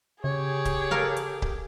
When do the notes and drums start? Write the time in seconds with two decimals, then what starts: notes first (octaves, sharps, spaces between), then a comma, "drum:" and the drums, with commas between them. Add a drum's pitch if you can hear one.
0.24 C#3 G4 G#4 C#5
0.65 drum: kick C#1, hi-hat
0.91 A4 A#4 F5
1.17 drum: hi-hat
1.42 drum: kick C#1